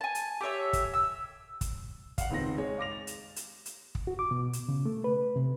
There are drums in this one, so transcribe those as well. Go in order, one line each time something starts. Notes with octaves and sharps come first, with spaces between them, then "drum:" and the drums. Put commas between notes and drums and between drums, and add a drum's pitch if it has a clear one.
G#5 A5
drum: hi-hat
G4 A4 C#5 E5
drum: kick, hi-hat
E6
drum: kick, hi-hat
F5 F#5, drum: kick, hi-hat
C#2 D#3 C4 A#6
G#3 C#5
F5 D6 A#6 F7
A6
drum: hi-hat
drum: hi-hat
drum: hi-hat
drum: kick
F#4
D6
B2
drum: hi-hat
C#3
A3
B4
C3